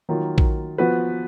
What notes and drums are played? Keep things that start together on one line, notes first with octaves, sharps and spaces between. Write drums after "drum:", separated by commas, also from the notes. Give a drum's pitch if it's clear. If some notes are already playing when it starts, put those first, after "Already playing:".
D#3 F#3 A#3 F4
drum: kick A#1
F3 B3 F#4 B4